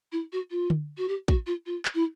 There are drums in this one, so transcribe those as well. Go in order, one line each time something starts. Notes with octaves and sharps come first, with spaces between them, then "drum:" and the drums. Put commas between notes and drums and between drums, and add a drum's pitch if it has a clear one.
E4
F#4
F4
drum: tom D3
F#4
G4
F#4, drum: kick
F4
F4
drum: clap
E4